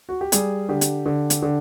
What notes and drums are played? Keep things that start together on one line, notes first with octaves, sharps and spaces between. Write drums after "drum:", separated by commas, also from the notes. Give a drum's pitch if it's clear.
F#4
G4
G3 G#4, drum: hi-hat
D3 G4
drum: hi-hat
D3
drum: hi-hat
D3